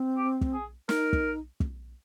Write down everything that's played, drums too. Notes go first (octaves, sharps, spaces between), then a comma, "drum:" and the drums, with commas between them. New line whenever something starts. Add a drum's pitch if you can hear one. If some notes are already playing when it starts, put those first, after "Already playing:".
Already playing: C4
G4
drum: kick
G#4
D#4 A#4, drum: snare
drum: kick
drum: kick